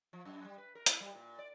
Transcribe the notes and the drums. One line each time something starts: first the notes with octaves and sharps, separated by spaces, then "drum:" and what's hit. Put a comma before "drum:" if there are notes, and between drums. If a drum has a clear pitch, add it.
F3
F#2
G3
B4
A#4
E4, drum: hi-hat
G3
A#2
D5